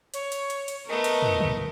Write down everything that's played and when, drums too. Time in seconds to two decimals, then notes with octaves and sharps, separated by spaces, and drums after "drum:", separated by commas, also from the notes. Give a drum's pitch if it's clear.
0.14 C#5, drum: hi-hat
0.32 drum: hi-hat
0.50 drum: hi-hat
0.68 drum: hi-hat
0.89 A3 B3 A#4 D#5
1.04 drum: hi-hat
1.22 drum: tom
1.41 drum: tom